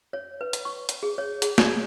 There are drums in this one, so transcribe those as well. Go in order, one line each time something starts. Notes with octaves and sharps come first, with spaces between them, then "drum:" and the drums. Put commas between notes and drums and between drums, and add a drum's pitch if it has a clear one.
C#5
B4
drum: hi-hat
C#6
drum: hi-hat
G#4
C#5
G#4, drum: hi-hat
D5, drum: snare